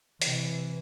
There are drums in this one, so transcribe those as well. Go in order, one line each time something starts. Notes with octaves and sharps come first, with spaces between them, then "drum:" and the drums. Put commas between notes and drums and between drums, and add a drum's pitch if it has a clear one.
C3 E3, drum: hi-hat